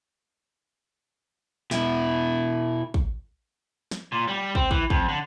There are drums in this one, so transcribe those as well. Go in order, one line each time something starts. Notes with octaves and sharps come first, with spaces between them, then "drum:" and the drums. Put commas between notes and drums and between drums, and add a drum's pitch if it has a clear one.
B2 E4, drum: snare
drum: kick
drum: snare
A#2
G3
C4, drum: kick
E3, drum: kick
F2, drum: kick
D3